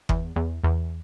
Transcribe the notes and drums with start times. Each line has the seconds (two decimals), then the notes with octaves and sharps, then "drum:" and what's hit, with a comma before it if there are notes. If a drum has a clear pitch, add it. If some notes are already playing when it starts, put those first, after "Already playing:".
0.09 E2, drum: kick F#1
0.36 E2
0.64 E2